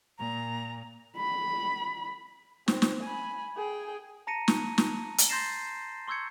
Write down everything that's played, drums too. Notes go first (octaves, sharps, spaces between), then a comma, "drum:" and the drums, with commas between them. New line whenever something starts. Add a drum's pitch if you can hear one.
A#2 A#5
B5
C4, drum: snare
drum: snare
G#5 B5
G#4 G5
A5 A#5 A#6 C#7 D#7
drum: snare
drum: snare
drum: hi-hat
C6 G6 A6 A#6 C7 E7
C6 C#6 E6 G6 G#6 C#7